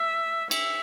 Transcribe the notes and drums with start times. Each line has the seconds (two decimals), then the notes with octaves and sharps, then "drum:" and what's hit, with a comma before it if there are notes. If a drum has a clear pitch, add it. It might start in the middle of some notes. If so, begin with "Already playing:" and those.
Already playing: E5
0.51 E5, drum: cymbal